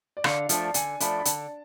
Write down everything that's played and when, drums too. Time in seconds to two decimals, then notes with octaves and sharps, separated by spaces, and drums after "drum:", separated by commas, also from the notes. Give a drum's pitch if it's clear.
0.17 D5
0.24 D3 F5, drum: rim click
0.49 F3 A3 D4, drum: hi-hat
0.65 A5
0.74 D3 G#5, drum: hi-hat
1.00 F3 A3 D4 B5, drum: hi-hat
1.19 B5
1.25 D3 A5, drum: hi-hat